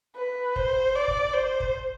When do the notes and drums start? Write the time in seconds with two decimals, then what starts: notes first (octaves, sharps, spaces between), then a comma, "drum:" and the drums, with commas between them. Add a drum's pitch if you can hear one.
0.16 B4
0.56 C5, drum: kick
0.95 D5
1.08 drum: kick
1.33 C5
1.60 drum: kick